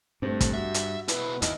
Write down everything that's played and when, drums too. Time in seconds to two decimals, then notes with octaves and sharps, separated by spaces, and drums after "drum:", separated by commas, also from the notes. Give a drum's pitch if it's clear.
0.22 G2 A3 C4
0.41 drum: kick, hi-hat
0.54 F#4 E5
0.74 drum: hi-hat
1.08 B2 E4 B4, drum: hi-hat
1.42 D#2 E4 D#5, drum: hi-hat